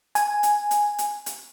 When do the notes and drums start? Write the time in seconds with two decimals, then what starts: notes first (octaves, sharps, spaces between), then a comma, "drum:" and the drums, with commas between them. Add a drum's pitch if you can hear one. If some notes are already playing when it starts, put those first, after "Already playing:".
0.15 G#5, drum: hi-hat
0.43 drum: hi-hat
0.71 drum: hi-hat
0.98 drum: hi-hat
1.26 drum: hi-hat